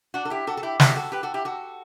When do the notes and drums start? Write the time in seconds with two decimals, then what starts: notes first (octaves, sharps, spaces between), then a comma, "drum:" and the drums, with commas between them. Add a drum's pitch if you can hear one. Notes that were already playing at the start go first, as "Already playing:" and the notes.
0.14 D4 F#4
0.25 A4
0.30 E4 G4
0.47 F#4 A4
0.57 A4
0.63 E4 G4
0.80 E4 G4, drum: snare
0.95 F#4 A4
1.12 G4 B4
1.23 F#4 A4
1.34 E4 G4
1.45 F#4 A4